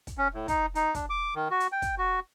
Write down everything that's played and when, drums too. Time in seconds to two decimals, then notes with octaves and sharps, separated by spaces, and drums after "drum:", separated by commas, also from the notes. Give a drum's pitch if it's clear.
0.07 drum: kick, hi-hat
0.18 C#4
0.34 A2
0.48 D#4, drum: kick, hi-hat
0.75 D#4, drum: hi-hat
0.95 D4, drum: kick, hi-hat
1.10 D6
1.35 D#3
1.51 F#4
1.60 drum: hi-hat
1.72 G5
1.82 drum: kick, hi-hat
1.98 F#4